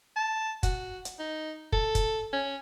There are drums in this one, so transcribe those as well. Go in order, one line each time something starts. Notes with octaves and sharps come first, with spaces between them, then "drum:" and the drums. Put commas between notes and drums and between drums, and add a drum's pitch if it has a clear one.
A5
F#4, drum: kick, hi-hat
drum: hi-hat
D#4
A4, drum: kick
drum: kick, hi-hat
C#4